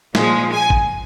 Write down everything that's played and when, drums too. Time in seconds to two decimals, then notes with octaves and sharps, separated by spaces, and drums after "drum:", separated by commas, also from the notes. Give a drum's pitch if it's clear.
0.15 A#2 F3 G#3, drum: snare
0.52 G#5
0.70 drum: kick